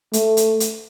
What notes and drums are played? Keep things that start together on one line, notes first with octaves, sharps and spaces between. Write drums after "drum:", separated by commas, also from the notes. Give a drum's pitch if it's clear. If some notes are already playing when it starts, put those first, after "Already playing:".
A3, drum: hi-hat
drum: hi-hat
drum: hi-hat